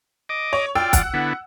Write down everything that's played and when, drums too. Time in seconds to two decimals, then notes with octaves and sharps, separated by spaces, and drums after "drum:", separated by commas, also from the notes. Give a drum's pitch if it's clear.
0.29 D#5 D6
0.53 C#5
0.75 F4 D5 G5 E6
0.93 F#5, drum: kick, hi-hat
1.14 D3 B3 E4